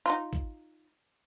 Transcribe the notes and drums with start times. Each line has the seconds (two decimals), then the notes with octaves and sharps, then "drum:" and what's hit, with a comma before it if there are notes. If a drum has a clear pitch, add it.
0.06 D#4 F4
0.33 drum: kick A1